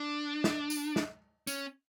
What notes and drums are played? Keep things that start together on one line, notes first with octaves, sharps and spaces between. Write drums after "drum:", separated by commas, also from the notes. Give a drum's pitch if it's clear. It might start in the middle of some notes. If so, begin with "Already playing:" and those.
Already playing: D4
drum: snare
drum: tambourine
drum: snare
C#4, drum: tambourine